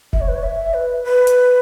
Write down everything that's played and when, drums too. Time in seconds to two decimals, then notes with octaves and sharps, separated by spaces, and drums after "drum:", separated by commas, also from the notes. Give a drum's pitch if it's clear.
0.13 E5, drum: kick
0.21 C#5
0.28 B4
0.35 C#5
0.44 E5
0.74 B4
1.04 B4
1.27 drum: hi-hat